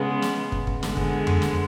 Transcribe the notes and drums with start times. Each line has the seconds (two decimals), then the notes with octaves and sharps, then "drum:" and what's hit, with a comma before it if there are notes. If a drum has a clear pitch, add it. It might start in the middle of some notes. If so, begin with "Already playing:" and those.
Already playing: C#3 G#3 B3
0.22 drum: snare
0.52 drum: kick
0.67 drum: kick
0.83 D3 G#3 B3, drum: snare
0.97 drum: kick
1.27 drum: tom F2
1.42 drum: snare